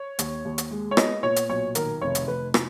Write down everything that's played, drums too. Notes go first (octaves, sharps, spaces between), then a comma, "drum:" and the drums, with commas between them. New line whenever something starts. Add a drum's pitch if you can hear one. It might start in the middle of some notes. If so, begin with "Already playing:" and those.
Already playing: C#5
D#2, drum: hi-hat
D#2
drum: hi-hat
G#3
C#5
B3 D#5, drum: rim click
A#2 C#5
drum: hi-hat
B1 C#5
D#3 A#4, drum: hi-hat
F1 C#5
drum: hi-hat
F1 B4
drum: rim click